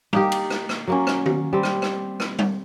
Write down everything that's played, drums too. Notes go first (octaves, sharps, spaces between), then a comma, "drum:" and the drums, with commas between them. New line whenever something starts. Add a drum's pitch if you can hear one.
A#3 D#4 G4, drum: tom G3
drum: cymbal
drum: rim click
drum: rim click
F#3 A#3 C#4
drum: rim click
drum: tom D#3
G3 C4
drum: rim click
drum: rim click
drum: rim click
drum: tom G3